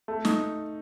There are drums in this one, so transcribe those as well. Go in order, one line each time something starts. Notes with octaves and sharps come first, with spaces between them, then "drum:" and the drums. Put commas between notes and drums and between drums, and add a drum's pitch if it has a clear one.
A3
D#4, drum: snare